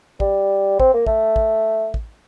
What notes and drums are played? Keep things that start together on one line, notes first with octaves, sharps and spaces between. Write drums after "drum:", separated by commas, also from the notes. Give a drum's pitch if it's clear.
G3, drum: kick
C4, drum: kick
A#3
A3, drum: kick
drum: kick
drum: kick